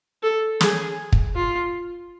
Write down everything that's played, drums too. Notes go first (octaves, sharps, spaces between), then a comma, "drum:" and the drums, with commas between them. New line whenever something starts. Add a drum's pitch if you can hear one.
A4
G#4, drum: snare
drum: kick
F4